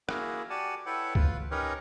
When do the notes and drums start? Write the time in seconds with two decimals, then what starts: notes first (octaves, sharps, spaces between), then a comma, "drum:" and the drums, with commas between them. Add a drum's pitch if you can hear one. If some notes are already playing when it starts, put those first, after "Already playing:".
0.09 A#3 E4 F#4 G#4 A#4, drum: rim click
0.50 F#4 G4 D5 F#5 G#5 A5
0.86 E4 A4 B4 C#5 F#5 G5
1.15 F4 B4, drum: kick C#2
1.51 C#4 D#4 G4 A#4 B4 C#5